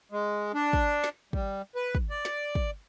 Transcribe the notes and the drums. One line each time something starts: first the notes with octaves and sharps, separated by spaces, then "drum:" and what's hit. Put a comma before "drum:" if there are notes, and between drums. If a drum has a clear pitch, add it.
G#3
D4
drum: kick
drum: snare
G3, drum: kick
B4
drum: kick
D5
drum: snare
drum: kick